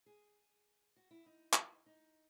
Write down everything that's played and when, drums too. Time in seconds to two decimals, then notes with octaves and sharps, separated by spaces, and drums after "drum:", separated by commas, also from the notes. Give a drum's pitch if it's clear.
0.06 G#4
0.96 F#4
1.11 E4
1.26 D#4
1.53 drum: clap
1.86 D#4